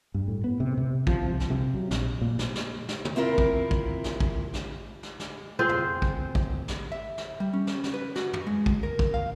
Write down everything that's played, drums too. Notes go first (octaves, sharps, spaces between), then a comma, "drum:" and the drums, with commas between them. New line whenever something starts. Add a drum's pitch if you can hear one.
G2
A2
B3
C3
C3
F3, drum: kick
C2
drum: snare
C3
F#3
A#1, drum: snare
A#2
drum: snare
drum: snare
drum: snare
drum: tom
C4 E4 F4 A#4
drum: kick
drum: kick
drum: snare
drum: kick
drum: snare
drum: snare
drum: snare
C4 F4 G#4 C5
drum: tom
drum: kick
drum: kick
drum: snare
E5
drum: snare
G3
C#4
drum: snare
drum: snare
B4
F#4, drum: snare
drum: tom
G#3
drum: kick
A#4
drum: kick
F5